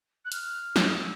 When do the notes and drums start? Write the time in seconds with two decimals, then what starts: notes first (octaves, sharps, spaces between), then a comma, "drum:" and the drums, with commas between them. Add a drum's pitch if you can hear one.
0.24 F#6
0.32 F6, drum: hi-hat
0.76 drum: snare
0.88 D#6
0.98 E6